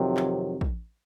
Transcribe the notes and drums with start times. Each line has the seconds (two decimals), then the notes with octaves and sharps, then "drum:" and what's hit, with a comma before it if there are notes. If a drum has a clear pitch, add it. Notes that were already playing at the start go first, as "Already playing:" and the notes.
Already playing: F2 C3 D#3 F#3
0.17 drum: clap
0.61 drum: kick